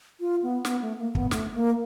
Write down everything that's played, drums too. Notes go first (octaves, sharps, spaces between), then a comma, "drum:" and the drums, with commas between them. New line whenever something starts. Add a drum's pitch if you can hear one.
F4
B3
B3, drum: snare
A3
A#3
B3, drum: kick
A3, drum: snare
A#3